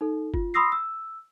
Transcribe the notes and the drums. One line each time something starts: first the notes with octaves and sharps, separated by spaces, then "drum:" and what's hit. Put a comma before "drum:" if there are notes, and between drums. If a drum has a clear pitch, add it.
D#4 A4
F4, drum: kick F#1
B5 C6 D#6 E6 A#6 C7
E6